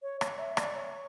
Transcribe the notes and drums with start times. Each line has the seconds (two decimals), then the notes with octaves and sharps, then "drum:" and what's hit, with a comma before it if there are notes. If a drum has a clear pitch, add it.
0.02 C#5
0.21 C#5, drum: rim click
0.39 E5
0.57 D5, drum: rim click
0.75 C#5